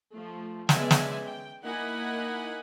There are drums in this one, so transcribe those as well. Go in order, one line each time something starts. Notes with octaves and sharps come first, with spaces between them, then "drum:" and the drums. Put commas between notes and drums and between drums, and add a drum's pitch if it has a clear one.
F3 A3
G#3 B3 C#4 D5 E5 G#5, drum: snare
drum: snare
G5
A#3 D#4 E4 F#5 G#5 B5